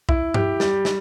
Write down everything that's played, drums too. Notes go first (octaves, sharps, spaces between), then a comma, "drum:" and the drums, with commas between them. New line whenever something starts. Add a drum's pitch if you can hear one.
E4, drum: kick B1
G4, drum: tom G2
G3, drum: snare
drum: snare